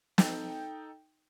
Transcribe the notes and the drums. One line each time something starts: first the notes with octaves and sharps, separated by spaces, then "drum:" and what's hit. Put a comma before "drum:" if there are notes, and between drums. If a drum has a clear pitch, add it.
D#4 A4 G5, drum: snare